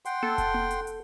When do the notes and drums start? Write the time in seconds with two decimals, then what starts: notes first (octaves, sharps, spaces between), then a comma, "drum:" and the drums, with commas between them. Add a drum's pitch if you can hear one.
0.05 F#5 G5 C6, drum: hi-hat
0.23 A4, drum: tom A#3
0.38 drum: kick F1, hi-hat
0.54 drum: tom A#3
0.71 drum: hi-hat
0.87 drum: hi-hat